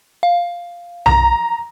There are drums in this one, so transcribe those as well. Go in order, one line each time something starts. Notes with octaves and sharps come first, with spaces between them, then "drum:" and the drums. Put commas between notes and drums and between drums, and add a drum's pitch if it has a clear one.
F5
A#5, drum: tom B1